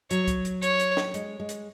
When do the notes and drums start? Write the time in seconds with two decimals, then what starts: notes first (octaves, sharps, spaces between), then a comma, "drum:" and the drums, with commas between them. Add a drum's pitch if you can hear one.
0.11 F#3 C#5, drum: hi-hat
0.28 drum: kick, hi-hat
0.45 drum: hi-hat
0.62 C#5, drum: hi-hat
0.80 drum: hi-hat
0.97 drum: snare
1.14 G#3, drum: hi-hat
1.40 G#3
1.49 drum: hi-hat